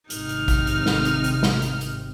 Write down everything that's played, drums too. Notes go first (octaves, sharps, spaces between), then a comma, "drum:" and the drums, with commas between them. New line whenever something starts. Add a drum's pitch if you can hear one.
G#1 C3 D#4 F6, drum: hi-hat
drum: hi-hat
drum: kick, hi-hat
drum: hi-hat
drum: snare
drum: hi-hat
drum: hi-hat
drum: snare
drum: hi-hat
drum: hi-hat